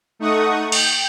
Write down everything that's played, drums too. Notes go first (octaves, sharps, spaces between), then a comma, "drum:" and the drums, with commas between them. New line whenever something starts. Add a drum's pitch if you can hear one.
A3 D#4 F#5 C#6 D#6
G5, drum: cymbal